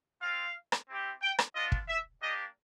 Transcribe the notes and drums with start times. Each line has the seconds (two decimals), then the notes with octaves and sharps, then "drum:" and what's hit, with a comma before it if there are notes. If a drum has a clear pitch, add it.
0.22 C4 F4 F5
0.72 drum: rim click
0.89 C4 E4 G4
1.22 G5
1.39 drum: rim click
1.55 B3 D4 F4 D#5
1.72 drum: kick
1.88 E5
2.21 A#3 D4 G4 D#5